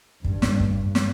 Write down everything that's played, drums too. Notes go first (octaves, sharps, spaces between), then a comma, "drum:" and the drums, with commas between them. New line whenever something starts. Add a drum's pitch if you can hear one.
G2, drum: kick
drum: snare
drum: kick
drum: snare